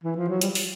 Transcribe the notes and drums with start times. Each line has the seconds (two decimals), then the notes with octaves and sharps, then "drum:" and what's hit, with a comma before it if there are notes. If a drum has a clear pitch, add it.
0.04 E3
0.17 F3
0.29 F#3
0.41 G3, drum: hi-hat
0.55 drum: open hi-hat